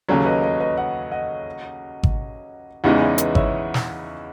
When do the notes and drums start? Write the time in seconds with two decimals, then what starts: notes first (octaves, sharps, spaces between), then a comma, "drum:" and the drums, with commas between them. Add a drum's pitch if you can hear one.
0.09 D#2 C#3 F#3 A4 C#5
0.26 B4 D#5
0.42 B4 D#5
0.60 B4 D#5
0.78 D#5 F#5
1.11 D#5 F#5
2.03 drum: kick G#1
2.84 E2 C#3 E3 G#3 D#4 D#5 F#5
3.01 C#5 E5
3.18 B4 D#5, drum: hi-hat
3.35 C#5 E5, drum: kick G#1
3.74 drum: snare